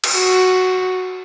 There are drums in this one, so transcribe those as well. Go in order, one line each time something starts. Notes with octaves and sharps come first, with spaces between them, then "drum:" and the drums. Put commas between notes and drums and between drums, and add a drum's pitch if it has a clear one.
drum: cymbal
F#4